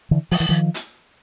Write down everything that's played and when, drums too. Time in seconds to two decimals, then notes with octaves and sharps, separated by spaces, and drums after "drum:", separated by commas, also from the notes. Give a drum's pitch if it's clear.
0.11 D3 E3
0.31 F3, drum: open hi-hat
0.40 E3
0.49 D#3 F3
0.74 drum: hi-hat